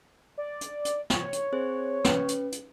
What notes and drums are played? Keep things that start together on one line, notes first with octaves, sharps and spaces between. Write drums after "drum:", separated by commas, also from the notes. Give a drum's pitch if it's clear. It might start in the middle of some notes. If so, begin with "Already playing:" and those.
D5
drum: hi-hat
drum: hi-hat
C#5, drum: snare
drum: hi-hat
C4 G#4 C5
C#4 B4, drum: snare
drum: hi-hat
drum: hi-hat